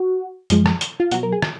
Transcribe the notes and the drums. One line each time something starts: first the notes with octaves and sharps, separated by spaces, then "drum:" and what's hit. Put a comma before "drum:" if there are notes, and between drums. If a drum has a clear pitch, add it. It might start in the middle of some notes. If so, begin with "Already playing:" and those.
Already playing: F#4
F#2 F3 G#3, drum: hi-hat
drum: rim click
drum: hi-hat
F4
B2 F#3 F#4, drum: hi-hat
A#4
G#4
drum: rim click